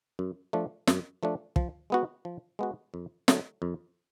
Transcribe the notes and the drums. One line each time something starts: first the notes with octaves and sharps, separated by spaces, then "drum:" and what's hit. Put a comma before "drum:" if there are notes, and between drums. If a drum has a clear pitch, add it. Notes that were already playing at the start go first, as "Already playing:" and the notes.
F#2
F3 A3 D4
F#2, drum: snare
F3 A3 D4
F3, drum: kick
G#3 B3 F#4
F3
G#3 B3 F#4
F2
D3 F#3 A3, drum: snare
F2